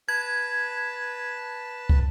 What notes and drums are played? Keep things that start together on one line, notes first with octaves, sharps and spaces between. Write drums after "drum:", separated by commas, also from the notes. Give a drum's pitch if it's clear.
B4 A5 G#6
drum: kick